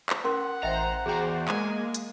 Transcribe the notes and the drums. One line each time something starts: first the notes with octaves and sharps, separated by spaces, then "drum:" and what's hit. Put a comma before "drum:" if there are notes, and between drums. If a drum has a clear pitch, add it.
drum: clap
C#4 A#4 F#5 C6
A1 C5 D#5 E5 G5 A#5
E2 F#4 G#4 C5 D5 G5 A#5
G#3 A#3 G#5, drum: clap
drum: hi-hat